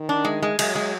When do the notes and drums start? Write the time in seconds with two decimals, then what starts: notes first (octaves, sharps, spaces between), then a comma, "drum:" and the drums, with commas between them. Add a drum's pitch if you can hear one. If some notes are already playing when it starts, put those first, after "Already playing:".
Already playing: D#3
0.09 D4
0.25 G#3
0.42 G#3
0.59 F#3 G#3, drum: cymbal
0.75 G#3